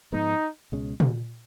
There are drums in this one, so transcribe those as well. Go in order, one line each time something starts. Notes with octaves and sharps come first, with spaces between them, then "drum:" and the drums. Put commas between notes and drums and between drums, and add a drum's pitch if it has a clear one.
G#2 F3 G#3 B3 D#4
C#2 B2 G#3 C#4
drum: tom A#2